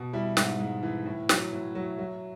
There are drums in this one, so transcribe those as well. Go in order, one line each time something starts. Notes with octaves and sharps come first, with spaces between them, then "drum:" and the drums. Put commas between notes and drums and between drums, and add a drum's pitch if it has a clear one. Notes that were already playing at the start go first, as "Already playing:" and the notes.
Already playing: B2
G3 E4
G#2, drum: snare
G#2
E3
A2
F#3, drum: snare
A2
F#3
F#3